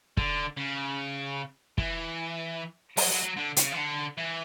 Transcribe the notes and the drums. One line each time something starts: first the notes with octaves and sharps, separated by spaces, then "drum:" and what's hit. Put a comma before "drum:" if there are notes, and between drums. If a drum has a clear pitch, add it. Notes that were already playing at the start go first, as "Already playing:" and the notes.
D3, drum: kick
C#3
E3, drum: kick
F#3, drum: open hi-hat
F#3
F#3
D3
C#3, drum: hi-hat
E3
D3
E3